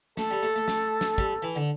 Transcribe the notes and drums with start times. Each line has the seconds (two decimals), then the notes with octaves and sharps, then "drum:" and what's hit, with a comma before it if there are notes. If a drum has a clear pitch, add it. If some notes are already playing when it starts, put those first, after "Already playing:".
0.17 A3 A4, drum: snare
0.31 G3
0.43 A3
0.56 A3
0.68 A3, drum: snare
1.01 drum: snare
1.18 G3, drum: kick
1.42 E3
1.56 D3